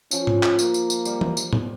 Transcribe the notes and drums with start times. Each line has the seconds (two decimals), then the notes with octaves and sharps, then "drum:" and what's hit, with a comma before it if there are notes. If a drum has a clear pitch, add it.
0.11 F3 C#4, drum: tambourine
0.27 drum: tom G#2
0.43 drum: clap
0.59 A#3, drum: tambourine
0.74 drum: tambourine
0.90 drum: tambourine
1.05 G3, drum: tambourine
1.21 drum: tom E3
1.37 drum: tambourine
1.53 drum: tom A2